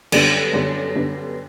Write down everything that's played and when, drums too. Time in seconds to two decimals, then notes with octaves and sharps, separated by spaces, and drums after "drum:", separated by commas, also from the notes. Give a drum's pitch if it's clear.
0.12 F#2 D3 G3 B3 D4, drum: cymbal
0.53 F#2 D3 G3 B3 D4
0.95 F#2 D3 G3 B3 D4